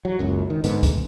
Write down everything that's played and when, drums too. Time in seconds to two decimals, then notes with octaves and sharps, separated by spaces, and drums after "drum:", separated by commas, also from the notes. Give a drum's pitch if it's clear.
0.05 F#3
0.19 F#1 C#2 F#2
0.50 D#3
0.64 G#2 D3 B3, drum: hi-hat
0.83 D#1, drum: kick, hi-hat